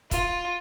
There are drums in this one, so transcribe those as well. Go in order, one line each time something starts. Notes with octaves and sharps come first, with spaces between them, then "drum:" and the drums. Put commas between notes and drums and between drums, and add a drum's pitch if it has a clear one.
F4, drum: kick, hi-hat